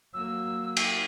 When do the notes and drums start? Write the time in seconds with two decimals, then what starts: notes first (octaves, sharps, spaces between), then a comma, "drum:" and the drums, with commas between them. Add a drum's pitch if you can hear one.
0.14 F#3 A#3 E6
0.77 drum: cymbal